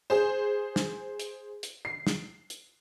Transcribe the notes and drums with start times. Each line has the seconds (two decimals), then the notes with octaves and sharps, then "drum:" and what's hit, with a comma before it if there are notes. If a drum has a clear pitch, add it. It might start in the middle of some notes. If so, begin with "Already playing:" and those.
0.10 G#4 C5
0.76 drum: snare
1.20 drum: hi-hat
1.63 drum: hi-hat
1.85 C7
2.07 drum: snare
2.50 drum: hi-hat